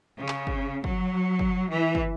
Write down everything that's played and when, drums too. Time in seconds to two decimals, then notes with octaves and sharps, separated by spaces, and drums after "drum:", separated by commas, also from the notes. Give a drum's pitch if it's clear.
0.18 C#3
0.28 drum: clap
0.47 drum: kick
0.84 F#3, drum: kick
1.39 drum: kick
1.72 E3
1.95 drum: kick